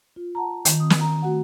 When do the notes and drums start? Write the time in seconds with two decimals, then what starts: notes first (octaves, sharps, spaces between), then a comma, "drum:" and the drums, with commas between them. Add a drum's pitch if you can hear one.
0.16 F4
0.35 F#5 A5 A#5
0.65 D#3, drum: hi-hat
0.80 C4 D#6
0.90 drum: snare
1.01 D#3 A#5
1.22 A3 F#4 F#5